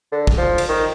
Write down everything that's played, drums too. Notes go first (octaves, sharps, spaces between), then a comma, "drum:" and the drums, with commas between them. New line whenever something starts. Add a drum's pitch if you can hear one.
D3
drum: kick
F3
drum: cymbal
D#3